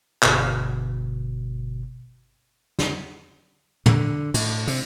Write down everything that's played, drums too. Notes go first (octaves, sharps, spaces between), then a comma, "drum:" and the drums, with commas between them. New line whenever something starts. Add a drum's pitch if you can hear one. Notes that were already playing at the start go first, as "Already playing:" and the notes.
G1 B2, drum: clap
drum: snare
D3, drum: tom
A2, drum: cymbal
C3, drum: open hi-hat